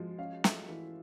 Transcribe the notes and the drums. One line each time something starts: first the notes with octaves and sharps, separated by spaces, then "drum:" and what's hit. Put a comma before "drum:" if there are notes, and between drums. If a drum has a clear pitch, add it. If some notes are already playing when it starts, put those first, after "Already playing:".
Already playing: F3 G#3
C#4 F5
A3 E5, drum: snare
E3